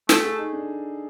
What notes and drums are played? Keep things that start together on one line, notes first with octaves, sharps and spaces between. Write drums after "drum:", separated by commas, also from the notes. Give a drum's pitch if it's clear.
A3 A4, drum: snare
G#4
D#4
D4